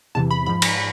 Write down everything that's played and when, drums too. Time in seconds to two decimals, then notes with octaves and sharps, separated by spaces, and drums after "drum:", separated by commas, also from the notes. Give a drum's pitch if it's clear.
0.15 E2 C3 E3 A5
0.31 B5
0.46 G#2 F3 B5
0.62 drum: cymbal